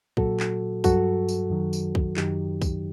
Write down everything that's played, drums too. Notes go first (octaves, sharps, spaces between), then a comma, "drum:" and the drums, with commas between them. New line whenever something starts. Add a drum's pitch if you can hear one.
A#2 F#3 F#4 A4, drum: kick B1
drum: clap
G2 F#3 F#4 A4, drum: kick B1, tambourine
drum: tambourine
F#2 D#3 F#3
drum: tambourine
drum: kick B1
F#2 D#3 F#3 D#4 G4, drum: clap
drum: kick B1, tambourine